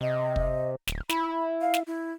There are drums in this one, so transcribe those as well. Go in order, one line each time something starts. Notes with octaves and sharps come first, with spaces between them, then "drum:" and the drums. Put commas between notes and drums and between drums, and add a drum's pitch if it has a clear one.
C3 D#5
drum: kick
D1, drum: snare
E4 B5, drum: snare
F5
drum: snare
E4